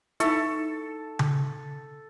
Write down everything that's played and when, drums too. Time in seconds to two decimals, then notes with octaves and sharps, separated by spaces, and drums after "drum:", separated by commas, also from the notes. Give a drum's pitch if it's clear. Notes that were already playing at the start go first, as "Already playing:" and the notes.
0.20 D#4 E4 A4 E5 C#6, drum: hi-hat
1.19 drum: tom C#3